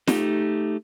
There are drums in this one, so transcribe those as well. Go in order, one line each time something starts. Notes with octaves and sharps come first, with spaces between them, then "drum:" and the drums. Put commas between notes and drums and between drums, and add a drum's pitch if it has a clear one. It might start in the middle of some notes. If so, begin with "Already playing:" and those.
A3 D#4 G4, drum: snare